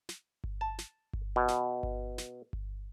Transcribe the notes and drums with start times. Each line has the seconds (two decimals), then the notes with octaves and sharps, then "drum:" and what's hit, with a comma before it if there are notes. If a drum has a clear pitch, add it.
0.09 drum: snare
0.44 drum: kick G1
0.61 A5
0.79 drum: snare
1.13 drum: kick G1
1.36 B2
1.48 drum: snare
1.83 drum: kick G1
2.18 drum: snare
2.53 drum: kick G1